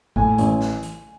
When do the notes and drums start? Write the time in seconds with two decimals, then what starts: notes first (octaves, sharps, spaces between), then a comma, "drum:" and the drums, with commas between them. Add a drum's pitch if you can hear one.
0.16 A2 G#5, drum: kick G#1
0.38 A1, drum: hi-hat
0.61 drum: snare
0.83 drum: hi-hat